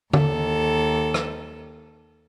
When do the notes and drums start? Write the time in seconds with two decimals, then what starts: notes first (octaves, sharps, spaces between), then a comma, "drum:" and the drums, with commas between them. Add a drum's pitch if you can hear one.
0.13 D#2 A4, drum: tom
1.14 drum: rim click